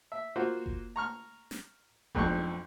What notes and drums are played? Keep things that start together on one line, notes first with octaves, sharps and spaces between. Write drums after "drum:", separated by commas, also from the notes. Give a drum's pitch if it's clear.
E5
A#3 F4 F#4 C5
drum: kick F#1
A#5 C#6 F6
drum: snare
B1 F2 G#2 D4 C#6, drum: kick F#1